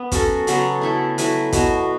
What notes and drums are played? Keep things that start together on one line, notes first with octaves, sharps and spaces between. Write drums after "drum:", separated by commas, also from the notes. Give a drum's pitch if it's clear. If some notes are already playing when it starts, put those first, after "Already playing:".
Already playing: B3
F#3 C#4 F#4 A4, drum: kick, hi-hat
C#3 F#3 B3 A4, drum: hi-hat
A3 E4 A4
F#3 A3 E4 B4, drum: hi-hat
B2 B3 F#4, drum: kick, hi-hat